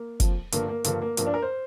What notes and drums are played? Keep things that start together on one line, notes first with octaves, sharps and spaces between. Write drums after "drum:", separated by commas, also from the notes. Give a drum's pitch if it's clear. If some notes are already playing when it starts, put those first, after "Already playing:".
Already playing: A#3
F2 F3, drum: kick, hi-hat
G2 D3 F3 A#3, drum: hi-hat
A#3
G2 D3 F3 A#3, drum: hi-hat
A#3
G2 F3 A#3, drum: hi-hat
D4
A#4
C5